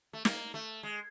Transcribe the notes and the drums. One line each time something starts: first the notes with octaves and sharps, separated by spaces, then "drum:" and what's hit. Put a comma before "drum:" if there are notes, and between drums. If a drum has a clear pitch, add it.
A3
A#3, drum: snare
A3
G#3